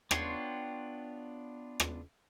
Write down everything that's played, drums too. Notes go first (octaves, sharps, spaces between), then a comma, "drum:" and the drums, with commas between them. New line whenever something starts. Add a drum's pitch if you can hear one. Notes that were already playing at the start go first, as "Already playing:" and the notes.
B3 D4 F4 C#5 G5 C6, drum: rim click
drum: rim click